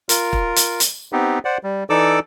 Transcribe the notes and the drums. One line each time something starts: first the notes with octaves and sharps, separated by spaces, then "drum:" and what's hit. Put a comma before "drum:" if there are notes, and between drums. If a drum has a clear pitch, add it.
F4 A#4, drum: hi-hat
drum: kick
drum: hi-hat
drum: hi-hat
B3 C4 D#4 G4
C5 D5 F#5
G3
E3 D#4 A4 D5 D6 E6